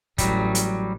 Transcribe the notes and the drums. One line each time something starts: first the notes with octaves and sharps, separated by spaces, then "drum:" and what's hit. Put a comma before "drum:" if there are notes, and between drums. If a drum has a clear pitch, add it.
A1 F#3 G3, drum: kick, hi-hat
drum: hi-hat